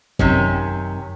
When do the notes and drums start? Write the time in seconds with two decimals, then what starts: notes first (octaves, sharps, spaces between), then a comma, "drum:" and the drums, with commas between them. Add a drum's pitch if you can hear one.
0.19 F#2 C3 D#3 C#4, drum: kick G1